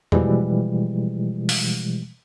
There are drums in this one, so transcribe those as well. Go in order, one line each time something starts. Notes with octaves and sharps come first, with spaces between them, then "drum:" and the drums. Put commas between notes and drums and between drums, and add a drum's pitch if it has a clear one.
B2 E3 F3 G3 G#3, drum: tom E2
drum: open hi-hat